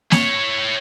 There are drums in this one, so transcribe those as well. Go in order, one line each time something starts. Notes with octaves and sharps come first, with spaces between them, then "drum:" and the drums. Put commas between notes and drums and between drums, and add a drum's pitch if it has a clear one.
E4 C#5, drum: snare A#3